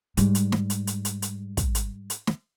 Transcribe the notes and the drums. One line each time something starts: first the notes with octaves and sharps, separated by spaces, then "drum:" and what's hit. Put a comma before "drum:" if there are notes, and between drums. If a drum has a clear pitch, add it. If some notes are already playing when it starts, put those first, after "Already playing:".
G#2 G3, drum: hi-hat
drum: hi-hat
drum: snare
drum: hi-hat
drum: hi-hat
drum: hi-hat
drum: hi-hat
drum: kick, hi-hat
drum: hi-hat
drum: hi-hat
drum: snare